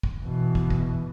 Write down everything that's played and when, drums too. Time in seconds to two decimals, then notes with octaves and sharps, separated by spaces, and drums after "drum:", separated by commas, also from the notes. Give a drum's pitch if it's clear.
0.03 drum: kick
0.23 B2 E3
0.55 drum: kick
0.70 drum: kick